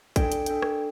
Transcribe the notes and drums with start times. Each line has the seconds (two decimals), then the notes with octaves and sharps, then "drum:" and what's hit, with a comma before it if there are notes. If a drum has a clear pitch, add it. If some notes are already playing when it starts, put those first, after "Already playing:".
0.16 D4 A4 D5 G5, drum: kick, hi-hat
0.32 drum: hi-hat
0.46 D4 A4 D5 G5, drum: hi-hat
0.62 drum: rim click